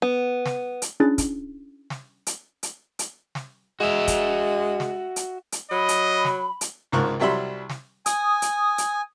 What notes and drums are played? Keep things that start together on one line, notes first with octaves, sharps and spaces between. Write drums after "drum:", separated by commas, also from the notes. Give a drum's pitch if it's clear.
B3
drum: snare
drum: hi-hat
C#4 D4 E4 G#4 F#6 A6
drum: kick, hi-hat
drum: snare
drum: hi-hat
drum: hi-hat
drum: hi-hat
drum: snare
G#3 F#4 E5
drum: kick, hi-hat
drum: snare
drum: hi-hat
drum: hi-hat
F#3 D#5 B5
drum: hi-hat
drum: snare
drum: hi-hat
G#1 C#2 G#2 A#4 C#6 F#6
C2 F#3 G3 E5 B5 C6
drum: snare
G#5 D#6, drum: hi-hat
drum: hi-hat
drum: hi-hat